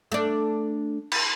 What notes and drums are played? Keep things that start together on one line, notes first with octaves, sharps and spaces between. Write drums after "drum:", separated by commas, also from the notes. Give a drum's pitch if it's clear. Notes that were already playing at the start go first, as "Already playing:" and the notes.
A3 D4
drum: cymbal